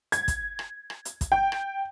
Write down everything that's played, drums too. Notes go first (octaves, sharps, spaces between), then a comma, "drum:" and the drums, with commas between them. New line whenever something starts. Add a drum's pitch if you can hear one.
G#6, drum: hi-hat
drum: kick, hi-hat
drum: rim click
drum: rim click
drum: hi-hat
drum: kick, hi-hat
G5
drum: rim click